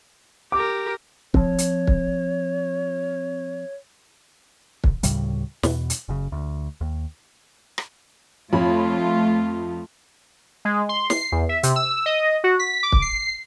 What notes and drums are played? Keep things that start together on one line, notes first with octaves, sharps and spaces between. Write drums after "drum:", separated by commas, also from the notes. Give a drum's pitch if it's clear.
G4 A#4 D6
F3 C4 C#5, drum: kick
drum: hi-hat
drum: kick
drum: kick
D2 A2 C#3 G3, drum: hi-hat
E2 B2, drum: snare
drum: hi-hat
F#1 C#3
D2
D#2
drum: rim click
F2 A3 F4 C#5 B5
G#3
C6
C7, drum: snare
E2
E5
C3, drum: hi-hat
E6
D#5
F#4
B6
D6
drum: kick
C7